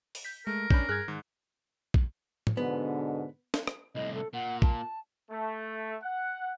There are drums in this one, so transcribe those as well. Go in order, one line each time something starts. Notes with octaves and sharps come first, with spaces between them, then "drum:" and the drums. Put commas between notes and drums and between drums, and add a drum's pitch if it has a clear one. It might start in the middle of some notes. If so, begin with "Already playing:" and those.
drum: open hi-hat
G6 B6
G#3 A3 A#4
C#4 D4 B5 G6, drum: kick A#1
G2 G#4 F6 F#6 G#6
G#2 D#3
drum: kick A#1
drum: tom
G#2 B2 D3 B3
drum: snare
drum: rim click
C2 A2 D#5
A4
A#2 F#5
A5, drum: kick A#1
A3
F#5